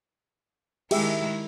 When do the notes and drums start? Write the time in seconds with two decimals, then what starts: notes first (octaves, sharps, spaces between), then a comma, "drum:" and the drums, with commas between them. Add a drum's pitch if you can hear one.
0.91 D#3 G#3 E4 G4 G#4 E5, drum: cymbal